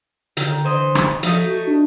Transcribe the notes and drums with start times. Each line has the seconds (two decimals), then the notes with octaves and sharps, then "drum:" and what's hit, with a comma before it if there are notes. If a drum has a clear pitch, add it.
0.37 D3 D#3, drum: hi-hat
0.64 E3 C5 D#5
0.95 drum: rim click
1.23 F3 A3 D#4, drum: hi-hat
1.46 F#4
1.67 D4